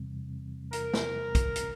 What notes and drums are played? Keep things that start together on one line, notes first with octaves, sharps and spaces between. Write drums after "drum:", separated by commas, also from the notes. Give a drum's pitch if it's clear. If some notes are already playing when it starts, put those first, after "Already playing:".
Already playing: E2 C3 E3 G3 C4
A#4, drum: hi-hat
drum: snare
drum: kick, hi-hat
drum: hi-hat